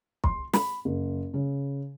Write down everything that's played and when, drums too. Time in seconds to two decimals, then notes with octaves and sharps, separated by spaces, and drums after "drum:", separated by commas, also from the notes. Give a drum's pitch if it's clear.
0.24 C6, drum: kick
0.53 B5, drum: snare
0.85 F#1
1.34 C#3